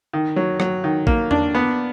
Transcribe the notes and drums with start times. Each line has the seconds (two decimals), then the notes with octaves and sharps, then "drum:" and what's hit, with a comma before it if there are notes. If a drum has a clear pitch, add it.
0.13 D#3
0.36 F#3
0.60 F#3, drum: rim click
0.84 D#3
1.07 A#3, drum: kick A1
1.31 D4, drum: tom E2
1.55 B3